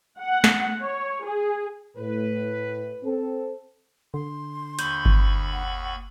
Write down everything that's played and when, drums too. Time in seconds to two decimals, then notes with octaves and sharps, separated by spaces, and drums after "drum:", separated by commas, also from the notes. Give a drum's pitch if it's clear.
0.19 F#5
0.44 drum: snare
0.81 C#5
1.25 G#4
1.97 A2 B4
3.03 C4 A4
4.14 D3 C6
4.79 D#2 B5 C#6 G6, drum: hi-hat
5.05 drum: kick G1
5.52 F#5